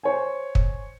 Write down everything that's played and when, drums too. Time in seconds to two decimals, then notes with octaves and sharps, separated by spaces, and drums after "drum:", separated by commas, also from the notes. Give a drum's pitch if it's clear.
0.03 C5 C#5 G#5
0.55 drum: kick